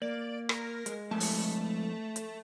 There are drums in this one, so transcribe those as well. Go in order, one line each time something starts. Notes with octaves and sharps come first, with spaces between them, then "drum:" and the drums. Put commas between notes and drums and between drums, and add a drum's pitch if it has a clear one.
A#3 D5
A#4, drum: rim click
G#3, drum: hi-hat
F2 G#3 A3 A5
drum: open hi-hat
drum: hi-hat